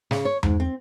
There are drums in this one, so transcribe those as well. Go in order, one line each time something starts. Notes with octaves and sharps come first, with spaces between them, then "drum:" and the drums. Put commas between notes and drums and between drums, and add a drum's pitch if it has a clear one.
C#3, drum: snare
C#5
G#2, drum: tom E2
C4